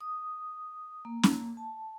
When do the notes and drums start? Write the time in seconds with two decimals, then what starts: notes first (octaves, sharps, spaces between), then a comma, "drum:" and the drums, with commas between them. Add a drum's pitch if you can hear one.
0.01 D#6
1.05 A#3
1.23 drum: snare
1.57 A5